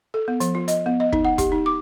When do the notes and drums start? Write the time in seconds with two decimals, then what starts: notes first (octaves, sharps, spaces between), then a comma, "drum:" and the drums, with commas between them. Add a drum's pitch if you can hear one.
0.14 A4
0.28 B3
0.40 F3, drum: hi-hat
0.55 F4
0.68 D#5, drum: hi-hat
0.86 B3
1.00 D#5
1.12 D#4, drum: kick
1.25 F#5
1.38 G4, drum: kick, hi-hat
1.52 D#4
1.66 D6